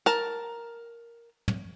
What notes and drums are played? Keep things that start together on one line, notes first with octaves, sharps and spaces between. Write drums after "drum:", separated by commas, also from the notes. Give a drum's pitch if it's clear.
A#4 A5, drum: hi-hat
drum: tom